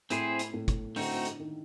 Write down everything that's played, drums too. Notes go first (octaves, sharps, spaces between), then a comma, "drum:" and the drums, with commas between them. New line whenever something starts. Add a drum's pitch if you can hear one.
A2 C4 E4 G#4 C5, drum: hi-hat
drum: hi-hat
A2
drum: kick G1, hi-hat
D3 A3 C4 D#4 F#4, drum: open hi-hat
drum: hi-hat
D#3